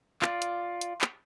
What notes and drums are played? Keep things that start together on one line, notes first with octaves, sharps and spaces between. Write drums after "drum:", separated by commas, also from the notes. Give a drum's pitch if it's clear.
F4 D5, drum: clap
drum: hi-hat
drum: hi-hat
drum: clap